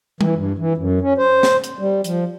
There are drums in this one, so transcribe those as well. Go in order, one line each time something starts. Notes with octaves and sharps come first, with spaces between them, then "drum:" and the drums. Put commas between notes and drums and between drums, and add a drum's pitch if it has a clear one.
E3, drum: tom G3
G2
E3
F#2
C#4
C5
drum: snare
drum: hi-hat
G3
F3, drum: hi-hat